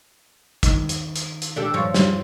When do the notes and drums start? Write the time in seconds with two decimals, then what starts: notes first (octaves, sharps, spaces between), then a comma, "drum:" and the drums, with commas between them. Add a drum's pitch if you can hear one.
0.63 D#3, drum: kick, hi-hat
0.89 drum: hi-hat
1.16 drum: hi-hat
1.42 drum: hi-hat
1.56 D4 G4 A4
1.74 G2 F3 C#5
1.94 drum: snare